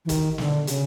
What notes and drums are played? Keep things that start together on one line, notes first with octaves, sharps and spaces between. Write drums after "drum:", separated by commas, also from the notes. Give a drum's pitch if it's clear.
E3
D#3, drum: kick, hi-hat
D3, drum: snare
C#3, drum: hi-hat